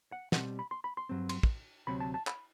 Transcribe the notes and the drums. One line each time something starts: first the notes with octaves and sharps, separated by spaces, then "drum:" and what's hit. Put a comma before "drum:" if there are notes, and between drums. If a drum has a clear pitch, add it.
F#5
B2 G3 C4 F#5, drum: snare
B5
C6
B5
C6
G2 F#3 C4
C6, drum: cymbal
drum: kick
D2 C3 F#3 C4 B5
A5
A5
B5, drum: clap